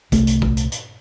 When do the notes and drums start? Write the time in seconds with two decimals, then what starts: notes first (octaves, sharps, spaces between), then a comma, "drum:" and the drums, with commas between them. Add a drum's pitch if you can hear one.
0.12 C2 A3, drum: kick, hi-hat
0.27 drum: hi-hat
0.42 drum: kick
0.57 drum: hi-hat
0.72 drum: hi-hat